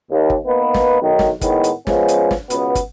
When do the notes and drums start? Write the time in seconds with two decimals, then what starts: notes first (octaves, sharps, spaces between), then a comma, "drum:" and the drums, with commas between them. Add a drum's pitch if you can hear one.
0.11 D#2
0.30 drum: kick
0.46 A#3 B3 D#4 B4
0.74 drum: snare
1.02 B1 D#3
1.19 drum: snare
1.41 A2 D#3 G#3 B3, drum: kick, hi-hat
1.64 drum: hi-hat
1.87 F3 G#3 B3 C#4, drum: snare
2.08 drum: hi-hat
2.31 drum: snare
2.50 C#2 B2 B3, drum: hi-hat
2.75 drum: kick, hi-hat